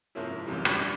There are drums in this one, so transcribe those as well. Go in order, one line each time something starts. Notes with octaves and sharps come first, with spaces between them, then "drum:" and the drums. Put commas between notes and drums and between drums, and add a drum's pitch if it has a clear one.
G#2 C3 F3 A#3 C#4 E4
A1 F#2 C3 E3 G3
G3 D4, drum: rim click